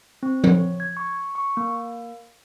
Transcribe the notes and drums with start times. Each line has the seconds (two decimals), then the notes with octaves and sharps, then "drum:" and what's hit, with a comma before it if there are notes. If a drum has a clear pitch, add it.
0.23 C4
0.44 C#5, drum: tom F3
0.80 G#6
0.97 C#6
1.35 C#6
1.57 A#3